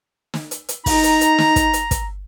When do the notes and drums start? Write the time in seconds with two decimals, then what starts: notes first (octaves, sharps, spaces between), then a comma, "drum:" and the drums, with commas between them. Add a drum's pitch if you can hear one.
0.34 drum: snare
0.51 drum: hi-hat
0.69 drum: hi-hat
0.86 D#4 A#5, drum: kick, open hi-hat
1.03 drum: hi-hat
1.21 drum: hi-hat
1.38 drum: snare
1.56 drum: kick, hi-hat
1.73 drum: hi-hat
1.91 drum: kick, hi-hat